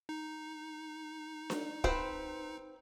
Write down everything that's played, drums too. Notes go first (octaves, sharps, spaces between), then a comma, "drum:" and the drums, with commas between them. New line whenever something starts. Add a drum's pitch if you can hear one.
D#4
drum: snare D4
C4 B4 C5, drum: kick